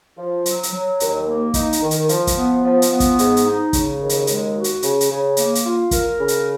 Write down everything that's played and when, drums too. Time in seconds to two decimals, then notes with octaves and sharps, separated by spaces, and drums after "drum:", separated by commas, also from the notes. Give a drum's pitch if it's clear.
0.18 F3
0.46 F#3, drum: hi-hat
0.63 drum: hi-hat
0.73 F#3
1.00 D#2, drum: hi-hat
1.27 A#3
1.54 D#4, drum: kick, hi-hat
1.73 drum: hi-hat
1.82 D#3
1.91 drum: hi-hat
2.09 F3, drum: hi-hat
2.27 drum: kick, hi-hat
2.36 B3
2.64 F3
2.82 drum: hi-hat
2.91 B3
3.00 drum: kick, hi-hat
3.19 G#2, drum: hi-hat
3.37 drum: hi-hat
3.46 D#4
3.73 C#3, drum: kick, hi-hat
4.00 D#2
4.09 drum: hi-hat
4.27 G#3, drum: hi-hat
4.55 F#4
4.64 drum: hi-hat
4.82 C#3, drum: hi-hat
5.01 drum: hi-hat
5.10 C#3
5.37 A#3, drum: hi-hat
5.55 drum: hi-hat
5.65 F4
5.91 A#4, drum: kick, hi-hat
6.19 C#3
6.28 drum: hi-hat